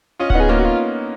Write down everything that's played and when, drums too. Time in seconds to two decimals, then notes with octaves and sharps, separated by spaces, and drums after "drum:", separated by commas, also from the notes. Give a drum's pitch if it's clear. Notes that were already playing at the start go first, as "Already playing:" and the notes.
0.19 C#4 F4 D#5
0.30 B3 D#4 F#5, drum: kick D1
0.40 G#4
0.49 A#3 C#4 F4
0.59 F#4
0.65 F4